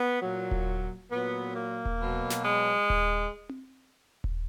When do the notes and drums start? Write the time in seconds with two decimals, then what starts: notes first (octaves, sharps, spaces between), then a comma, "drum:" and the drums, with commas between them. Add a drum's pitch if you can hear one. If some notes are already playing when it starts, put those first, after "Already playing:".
Already playing: B3
0.22 A#2 F#3
0.51 drum: kick D#1
1.11 A#2 F#3 B3
1.55 A#3
1.85 drum: kick D#1
2.00 B2 F#3
2.30 drum: snare
2.45 G#3
2.90 drum: kick D#1
3.49 drum: tom C4
4.24 drum: kick D#1